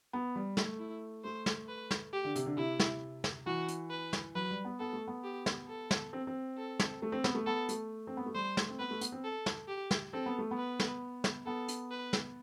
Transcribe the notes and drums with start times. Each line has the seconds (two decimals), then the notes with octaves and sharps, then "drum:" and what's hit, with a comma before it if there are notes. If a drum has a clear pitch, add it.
0.13 B3
0.36 G3
0.57 A3, drum: snare
0.79 E4
1.24 A3 C5
1.46 drum: snare
1.68 B4
1.91 drum: snare
2.13 G4
2.24 D3
2.36 C3, drum: hi-hat
2.46 D3
2.57 C3 E4
2.79 drum: snare
3.24 drum: snare
3.46 E3 F#4
3.68 drum: hi-hat
3.90 B4
4.13 drum: snare
4.35 F#3 B4
4.50 G3
4.65 B3
4.80 B3 A4
4.93 A3
5.07 B3
5.24 G4
5.46 drum: snare
5.69 A4
5.91 drum: snare
6.13 C4
6.27 C4
6.58 A4
6.79 drum: snare
7.02 A3
7.12 C4
7.24 B3, drum: snare
7.35 A3
7.46 B3 A4
7.69 A3, drum: hi-hat
8.07 C4
8.17 B3
8.26 A3
8.35 G3 C5
8.57 A3, drum: snare
8.69 C4
8.80 B3 B4
8.90 A3
9.01 B3, drum: hi-hat
9.12 C4
9.24 A4
9.46 drum: snare
9.68 G4
9.91 drum: snare
10.13 C4 A4
10.26 B3
10.39 A3
10.51 B3
10.57 B4
10.80 drum: snare
11.24 drum: snare
11.46 B3 A4
11.68 drum: hi-hat
11.91 B4
12.13 drum: snare